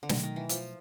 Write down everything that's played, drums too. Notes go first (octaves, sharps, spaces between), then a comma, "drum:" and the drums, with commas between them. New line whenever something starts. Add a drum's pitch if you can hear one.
D3
B2 D#3 F#3 A3, drum: snare
D#3
E3
F3, drum: hi-hat